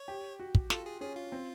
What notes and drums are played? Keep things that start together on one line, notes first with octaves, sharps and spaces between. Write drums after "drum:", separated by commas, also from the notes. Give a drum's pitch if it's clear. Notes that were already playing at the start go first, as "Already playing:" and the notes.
Already playing: C#5
G4
F#4
drum: kick
F4 A4, drum: snare
G#4
C#4 G#4
F4
C4